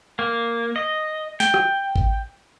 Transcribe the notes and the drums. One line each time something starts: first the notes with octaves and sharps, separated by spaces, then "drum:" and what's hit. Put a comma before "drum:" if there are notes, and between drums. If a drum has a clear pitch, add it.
A#3
D#5
G5, drum: snare
drum: rim click
drum: kick G#1